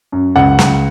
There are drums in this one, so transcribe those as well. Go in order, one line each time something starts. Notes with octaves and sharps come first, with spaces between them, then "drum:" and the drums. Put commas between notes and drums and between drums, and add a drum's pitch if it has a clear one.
F#2
C#2 F#5
C#2, drum: snare